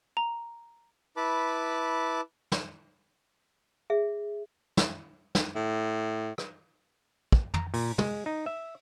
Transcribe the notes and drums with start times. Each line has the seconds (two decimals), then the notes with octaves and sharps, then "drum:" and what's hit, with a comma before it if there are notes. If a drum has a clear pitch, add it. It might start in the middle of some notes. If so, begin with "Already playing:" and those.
0.17 A#5
1.17 E4 B4 A5 B5 D6
2.52 drum: snare
3.90 G#4 E5
4.77 drum: snare
5.35 drum: snare
5.55 A2
6.38 drum: rim click
7.32 drum: kick
7.54 A#5, drum: tom
7.74 A#2, drum: open hi-hat
7.98 G#3, drum: tom
8.26 D#4
8.46 E5